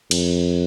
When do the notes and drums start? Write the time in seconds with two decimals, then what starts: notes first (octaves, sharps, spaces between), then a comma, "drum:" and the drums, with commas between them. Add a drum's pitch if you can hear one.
0.11 F2, drum: cymbal